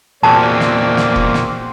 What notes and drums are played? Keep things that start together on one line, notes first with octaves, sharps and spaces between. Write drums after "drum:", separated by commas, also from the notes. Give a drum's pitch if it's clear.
E2 A#2 A#3 C4 F#4 G#4 D5 A5
drum: snare
drum: snare
drum: kick F1
drum: snare